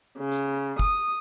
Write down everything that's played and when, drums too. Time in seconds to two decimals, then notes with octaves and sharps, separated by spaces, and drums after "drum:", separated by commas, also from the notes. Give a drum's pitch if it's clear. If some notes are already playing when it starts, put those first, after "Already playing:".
0.19 C#3
0.32 drum: tambourine
0.79 D#6, drum: kick, tambourine